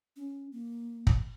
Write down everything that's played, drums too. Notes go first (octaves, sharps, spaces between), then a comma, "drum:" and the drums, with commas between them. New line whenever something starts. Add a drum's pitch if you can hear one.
C#4
A#3
drum: kick